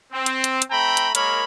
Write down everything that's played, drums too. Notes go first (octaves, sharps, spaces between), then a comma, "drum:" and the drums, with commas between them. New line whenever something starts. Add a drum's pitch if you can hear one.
C4
drum: hi-hat
drum: hi-hat
drum: hi-hat
A3 C4 G5 A#5 B5
drum: hi-hat
G#3 A#3 A#4 C#5 B5, drum: hi-hat